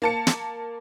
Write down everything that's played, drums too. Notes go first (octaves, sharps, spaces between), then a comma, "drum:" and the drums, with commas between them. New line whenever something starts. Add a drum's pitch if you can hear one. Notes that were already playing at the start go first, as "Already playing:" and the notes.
A#3 A5 C#7
drum: snare